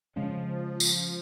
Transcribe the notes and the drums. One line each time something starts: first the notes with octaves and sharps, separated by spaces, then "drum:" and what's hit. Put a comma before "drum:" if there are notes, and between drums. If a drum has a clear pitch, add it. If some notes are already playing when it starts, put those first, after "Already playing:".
C#3 F3 G#3 C#4
drum: tambourine